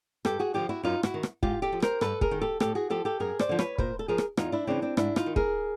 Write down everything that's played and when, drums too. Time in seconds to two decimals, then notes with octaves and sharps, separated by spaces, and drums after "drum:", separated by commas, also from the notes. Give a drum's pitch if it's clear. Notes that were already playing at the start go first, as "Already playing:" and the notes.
0.25 G2 G4 A4, drum: rim click
0.39 F#4 G#4
0.54 D3 F3 F4 G4
0.69 E4 F#4
0.83 F#2 D#4 F4
1.03 E4 F#4, drum: rim click
1.14 D#3
1.23 drum: rim click
1.43 G#2 F4 G4, drum: kick
1.62 G4 A4
1.72 F3
1.82 A#4 C5, drum: rim click
2.01 G2 A4 B4, drum: rim click
2.21 G#4 A#4, drum: kick
2.31 D#3
2.41 G4 A4
2.60 A2 G4 A4, drum: rim click
2.75 F#4 G#4
2.90 F3 G4 A4
3.05 G4 A4
3.20 F#2 G#4 A#4
3.39 C5 D5, drum: rim click
3.49 D3 F3
3.59 B4 C#5, drum: rim click
3.78 A#2 A#4 C5, drum: kick
3.99 A4
4.08 F3 G#4 A#4
4.18 drum: rim click
4.37 E2 D#4 F4, drum: rim click
4.52 D4 E4
4.67 C#3 E3 C4 D4
4.82 C4 D4
4.97 G#2 D4 E4, drum: rim click
5.16 D#4 F4, drum: rim click
5.26 D#3
5.36 G#4 A#4, drum: kick